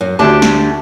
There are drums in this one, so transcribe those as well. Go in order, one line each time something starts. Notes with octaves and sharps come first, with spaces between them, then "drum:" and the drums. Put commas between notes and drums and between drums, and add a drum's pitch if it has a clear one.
F#2
D2 A3 D4 G4 A5 D6
drum: snare